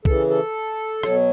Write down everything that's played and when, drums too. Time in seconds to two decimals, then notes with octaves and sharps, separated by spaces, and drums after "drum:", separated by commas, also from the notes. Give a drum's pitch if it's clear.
0.05 C#3 E3 A4, drum: kick B1
0.30 A4
1.03 B2 F#3, drum: rim click